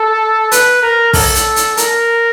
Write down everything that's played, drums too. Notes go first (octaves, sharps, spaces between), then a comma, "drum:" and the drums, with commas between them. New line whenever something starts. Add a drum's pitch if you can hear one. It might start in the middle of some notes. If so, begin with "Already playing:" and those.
Already playing: A4
B4, drum: hi-hat
A#4
A4, drum: kick, open hi-hat
drum: hi-hat
drum: hi-hat
A#4, drum: hi-hat